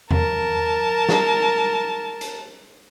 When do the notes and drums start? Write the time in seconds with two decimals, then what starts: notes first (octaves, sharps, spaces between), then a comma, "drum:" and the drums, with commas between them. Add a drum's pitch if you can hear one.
0.11 A#4 A5, drum: tom E2
1.09 drum: snare
2.21 drum: hi-hat